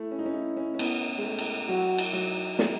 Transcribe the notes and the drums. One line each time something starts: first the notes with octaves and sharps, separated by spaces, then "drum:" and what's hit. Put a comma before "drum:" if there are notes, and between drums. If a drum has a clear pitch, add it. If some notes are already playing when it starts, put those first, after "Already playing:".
Already playing: A3 E4
C#4
D#4
C#4
D#4
C#4
C#4
B3, drum: cymbal
G#3
A3
drum: cymbal
F#3 F#4
drum: cymbal
F#3 D#4
G#3, drum: snare